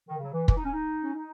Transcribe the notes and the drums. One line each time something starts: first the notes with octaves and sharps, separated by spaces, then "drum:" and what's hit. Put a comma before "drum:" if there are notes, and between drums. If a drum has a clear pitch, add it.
D#3
C#3
F#3
E3
E3, drum: kick
D#4
C#4
D#4
C#4
D#4